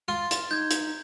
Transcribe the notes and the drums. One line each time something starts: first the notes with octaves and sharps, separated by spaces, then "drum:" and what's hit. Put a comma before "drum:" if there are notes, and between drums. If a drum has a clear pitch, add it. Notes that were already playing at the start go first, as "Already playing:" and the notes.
F4 C6 A6
drum: hi-hat
D#4 G6 G#6
drum: hi-hat